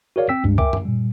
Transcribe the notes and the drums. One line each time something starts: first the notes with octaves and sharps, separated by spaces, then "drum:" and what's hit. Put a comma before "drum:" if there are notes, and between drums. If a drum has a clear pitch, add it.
F#4 G#4 A#4 C#5 D5 F5
C4 G5 E6 B6
C#2 G2 G#3
A#4 E5 G5 G#5 D6, drum: kick C#2
drum: tom F#2
A#2 G3